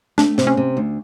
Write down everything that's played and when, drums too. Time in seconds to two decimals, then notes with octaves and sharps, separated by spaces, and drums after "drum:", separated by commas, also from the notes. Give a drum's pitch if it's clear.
0.18 A3 D4, drum: snare
0.38 C3, drum: snare
0.47 C#4
0.57 C3
0.77 D2